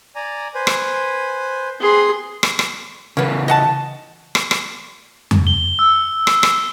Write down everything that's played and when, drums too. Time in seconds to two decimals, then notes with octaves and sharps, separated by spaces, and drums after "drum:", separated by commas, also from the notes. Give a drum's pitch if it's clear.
0.15 D5 G#5 A#5
0.55 B4 C5 G#5
0.67 drum: rim click
1.81 C4 G#4 B4 C6
2.43 drum: rim click
2.59 drum: rim click
3.17 C#3 E3 A#3 B3 C#4
3.48 D#5 F#5 A5
4.35 drum: rim click
4.51 drum: rim click
5.31 drum: tom F2
5.47 G7
5.79 E6
6.27 drum: rim click
6.43 drum: rim click